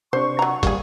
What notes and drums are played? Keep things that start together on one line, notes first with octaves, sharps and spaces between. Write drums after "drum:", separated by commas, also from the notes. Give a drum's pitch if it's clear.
C3 D4 C5 C#6
F#3 A#5
G3 A#3 G#4, drum: kick, hi-hat